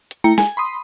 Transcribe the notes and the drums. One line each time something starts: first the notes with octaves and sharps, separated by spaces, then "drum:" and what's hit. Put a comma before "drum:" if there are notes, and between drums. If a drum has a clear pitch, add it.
drum: hi-hat
A3 E4 G5 A#5 C#7
G#5, drum: snare
B5 C6 D#6